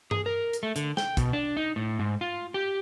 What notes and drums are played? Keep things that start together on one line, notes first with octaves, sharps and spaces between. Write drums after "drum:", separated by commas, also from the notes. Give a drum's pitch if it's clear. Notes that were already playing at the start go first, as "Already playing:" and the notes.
G#4, drum: tom G2
A#4
drum: hi-hat
A3
D3, drum: hi-hat
G5, drum: snare
B2, drum: kick, hi-hat
D4
D#4
A2
G#2
F4
G4